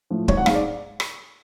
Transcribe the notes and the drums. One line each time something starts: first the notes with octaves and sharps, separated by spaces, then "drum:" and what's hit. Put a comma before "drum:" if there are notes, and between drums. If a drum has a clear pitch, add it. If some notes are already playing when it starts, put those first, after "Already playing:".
A2 F3
G#1 C#5, drum: kick
F#5
G#2 G#3 F5, drum: rim click
D5
drum: rim click